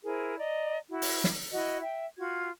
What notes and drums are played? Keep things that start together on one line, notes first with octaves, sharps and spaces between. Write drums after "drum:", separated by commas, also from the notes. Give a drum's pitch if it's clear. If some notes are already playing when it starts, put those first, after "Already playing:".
E4 G#4 A#4 C5
D5 D#5 A#5
E4 F#4
drum: open hi-hat
drum: snare
E4 F#4 D#5
E5 G5
F4 F#4 G#6